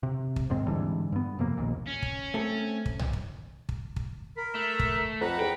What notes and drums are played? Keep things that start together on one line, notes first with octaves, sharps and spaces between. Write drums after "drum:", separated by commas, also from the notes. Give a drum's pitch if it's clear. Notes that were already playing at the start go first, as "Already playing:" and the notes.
C3
drum: kick
D#2 G#2 C4
G#2 D3 E3 G3
G2 B3
F2 C3 A#3
A#1 D#2 A#2
C#4
drum: kick
A3 C4 A4
drum: kick
drum: tom B1
drum: kick
drum: kick
drum: kick
A#4 B5
A3 E5
drum: kick
F2 B4 F#5 A#5
E2 G5